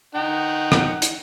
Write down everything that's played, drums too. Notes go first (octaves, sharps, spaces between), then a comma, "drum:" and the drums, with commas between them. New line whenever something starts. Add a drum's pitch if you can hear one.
D#4 F#5 G5
drum: rim click
drum: hi-hat